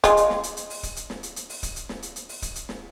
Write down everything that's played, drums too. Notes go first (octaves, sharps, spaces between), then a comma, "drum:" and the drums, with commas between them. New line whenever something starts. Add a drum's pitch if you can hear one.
G#3 F4, drum: kick D1, hi-hat
drum: hi-hat
drum: snare
drum: hi-hat
drum: hi-hat
drum: open hi-hat
drum: kick D1, hi-hat
drum: hi-hat
drum: snare
drum: hi-hat
drum: hi-hat
drum: open hi-hat
drum: kick D1, hi-hat
drum: hi-hat
drum: snare
drum: hi-hat
drum: hi-hat
drum: open hi-hat
drum: kick D1, hi-hat
drum: hi-hat
drum: snare